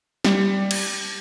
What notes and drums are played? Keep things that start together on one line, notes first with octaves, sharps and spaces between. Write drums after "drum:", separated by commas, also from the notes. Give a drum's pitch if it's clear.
G3, drum: snare
drum: cymbal